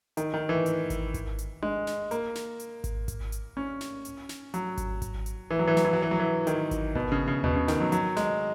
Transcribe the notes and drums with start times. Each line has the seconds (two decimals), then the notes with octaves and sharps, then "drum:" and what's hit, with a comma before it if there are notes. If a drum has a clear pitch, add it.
0.17 D#3, drum: hi-hat
0.34 D#3
0.49 E3
0.66 drum: hi-hat
0.90 drum: kick G#1, hi-hat
1.14 drum: kick G#1, hi-hat
1.38 drum: hi-hat
1.63 G#3, drum: tom D4
1.87 drum: snare
2.11 A#3, drum: hi-hat
2.35 drum: snare
2.60 drum: hi-hat
2.84 drum: kick G#1, hi-hat
3.08 drum: kick G#1, hi-hat
3.32 drum: hi-hat
3.57 C#4
3.81 drum: snare
4.05 drum: hi-hat
4.29 drum: snare
4.54 F#3, drum: hi-hat
4.77 drum: kick G#1, hi-hat
5.02 drum: kick G#1, hi-hat
5.26 drum: hi-hat
5.51 E3
5.59 F#3
5.68 E3
5.77 F#3, drum: snare
5.85 E3
5.93 F#3
6.02 E3
6.11 F#3
6.20 E3
6.47 D#3, drum: hi-hat
6.71 drum: kick G#1, hi-hat
6.95 B2, drum: kick G#1
7.12 C#3
7.28 C#3
7.44 B2, drum: tom D#2
7.56 C#3
7.68 D#3, drum: snare
7.80 F#3
7.92 F#3, drum: hi-hat
8.16 G#3, drum: snare